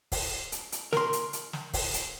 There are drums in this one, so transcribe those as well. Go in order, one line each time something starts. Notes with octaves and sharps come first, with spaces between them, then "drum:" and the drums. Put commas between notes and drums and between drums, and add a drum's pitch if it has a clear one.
drum: kick, open hi-hat
drum: hi-hat
drum: hi-hat
A#4 C6, drum: snare
drum: hi-hat
drum: hi-hat
drum: snare
drum: kick, open hi-hat
drum: hi-hat